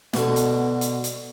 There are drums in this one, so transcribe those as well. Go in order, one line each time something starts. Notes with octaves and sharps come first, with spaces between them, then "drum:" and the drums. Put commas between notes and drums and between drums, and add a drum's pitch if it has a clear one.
B2 D3, drum: snare
drum: hi-hat
drum: hi-hat
drum: hi-hat